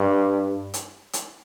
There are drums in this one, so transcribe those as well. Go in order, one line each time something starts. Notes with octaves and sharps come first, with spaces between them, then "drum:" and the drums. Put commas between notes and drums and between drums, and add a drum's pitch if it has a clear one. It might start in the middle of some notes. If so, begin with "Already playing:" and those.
Already playing: G2
drum: hi-hat
drum: hi-hat